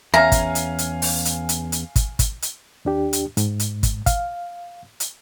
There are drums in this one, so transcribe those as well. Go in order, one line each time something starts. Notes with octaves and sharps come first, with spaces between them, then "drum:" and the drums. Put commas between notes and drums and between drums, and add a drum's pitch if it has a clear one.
E2 C#4 E5 F5 G#5 A#5 F6
drum: kick, hi-hat
drum: hi-hat
drum: hi-hat
drum: open hi-hat
drum: hi-hat
drum: hi-hat
drum: hi-hat
drum: kick, hi-hat
drum: kick, hi-hat
drum: hi-hat
D#2 D4 G4
drum: hi-hat
G#2, drum: hi-hat
drum: hi-hat
drum: kick, hi-hat
F5, drum: kick, hi-hat
drum: hi-hat